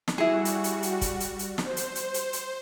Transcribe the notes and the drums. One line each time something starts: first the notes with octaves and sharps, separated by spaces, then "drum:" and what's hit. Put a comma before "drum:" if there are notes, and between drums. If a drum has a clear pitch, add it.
drum: snare
G3 E4 F#4 G#4
drum: hi-hat
drum: hi-hat
drum: hi-hat
drum: kick, hi-hat
drum: hi-hat
drum: hi-hat
C5, drum: snare
drum: hi-hat
drum: hi-hat
drum: hi-hat
drum: hi-hat